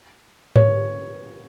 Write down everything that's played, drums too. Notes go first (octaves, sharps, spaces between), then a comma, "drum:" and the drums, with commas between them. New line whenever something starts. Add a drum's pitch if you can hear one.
C#5, drum: tom G#2